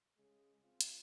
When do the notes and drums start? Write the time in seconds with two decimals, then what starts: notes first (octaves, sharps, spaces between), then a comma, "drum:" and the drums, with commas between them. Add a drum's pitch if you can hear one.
0.17 C#3 G#3
0.62 G#3 C4 F4
0.81 drum: hi-hat